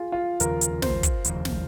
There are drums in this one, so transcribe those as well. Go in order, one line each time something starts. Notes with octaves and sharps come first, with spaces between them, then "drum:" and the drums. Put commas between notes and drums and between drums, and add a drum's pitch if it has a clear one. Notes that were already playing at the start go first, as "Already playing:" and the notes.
Already playing: F4 G#4
F4
F1 D#2 C#3 F3 A#4, drum: hi-hat
drum: hi-hat
C5, drum: snare
drum: kick, hi-hat
F1 D#2 C#3 F3, drum: hi-hat
drum: snare